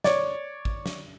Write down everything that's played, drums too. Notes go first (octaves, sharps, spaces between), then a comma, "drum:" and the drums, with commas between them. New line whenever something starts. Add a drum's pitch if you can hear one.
C#5 D5, drum: snare
drum: kick
drum: snare